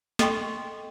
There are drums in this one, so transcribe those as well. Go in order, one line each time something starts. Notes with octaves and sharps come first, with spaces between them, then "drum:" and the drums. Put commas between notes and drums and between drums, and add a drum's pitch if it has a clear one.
A4 D#5 G5 C6 C#6, drum: snare